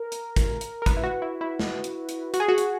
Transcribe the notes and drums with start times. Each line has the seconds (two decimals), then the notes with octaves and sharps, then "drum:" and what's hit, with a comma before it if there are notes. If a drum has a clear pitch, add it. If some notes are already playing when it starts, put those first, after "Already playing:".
Already playing: A#4
0.12 drum: hi-hat
0.36 drum: kick, hi-hat
0.61 drum: hi-hat
0.82 A#4
0.86 B4, drum: kick, hi-hat
0.97 E4
1.04 F#4
1.22 E4
1.41 E4
1.59 drum: snare
1.84 drum: hi-hat
2.09 drum: hi-hat
2.34 F#4, drum: hi-hat
2.40 G#4
2.48 F#4
2.58 drum: hi-hat